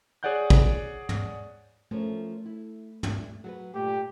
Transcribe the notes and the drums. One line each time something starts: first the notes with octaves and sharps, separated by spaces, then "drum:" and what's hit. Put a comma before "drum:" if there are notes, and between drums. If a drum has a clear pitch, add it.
G#4 C#5 D5 F#5 F#6 G6
drum: kick
drum: tom
F3 A3 C#4 A#4
E4
E3 D4, drum: tom
F#3 A4 B4
G2 A#2 A3 G4